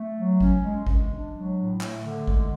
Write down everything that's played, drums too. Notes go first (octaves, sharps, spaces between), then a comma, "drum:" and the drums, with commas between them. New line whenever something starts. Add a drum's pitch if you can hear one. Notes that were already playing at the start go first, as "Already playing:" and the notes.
Already playing: A3
F#3
C#4, drum: kick G#1
G#3
G#3, drum: kick G#1
D4
F#3
A2
A3, drum: clap
D3
G#3, drum: kick G#1